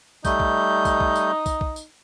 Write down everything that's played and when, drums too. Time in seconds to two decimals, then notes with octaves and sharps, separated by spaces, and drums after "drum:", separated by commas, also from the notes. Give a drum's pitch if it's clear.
0.25 G3 A3 D#4 G6, drum: kick, tambourine
0.40 drum: kick
0.85 drum: kick, tambourine
1.00 drum: kick
1.16 drum: tambourine
1.46 drum: kick, tambourine
1.61 drum: kick
1.76 drum: tambourine